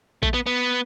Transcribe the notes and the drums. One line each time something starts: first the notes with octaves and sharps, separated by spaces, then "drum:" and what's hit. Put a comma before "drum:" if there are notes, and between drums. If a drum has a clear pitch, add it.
A3, drum: kick A1
B3
B3